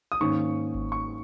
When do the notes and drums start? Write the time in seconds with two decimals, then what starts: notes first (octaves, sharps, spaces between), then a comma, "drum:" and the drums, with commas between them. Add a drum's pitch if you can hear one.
0.12 D#6
0.20 G#2 D#3 A#3 C#4 C#6
0.74 drum: kick G1
0.92 C#6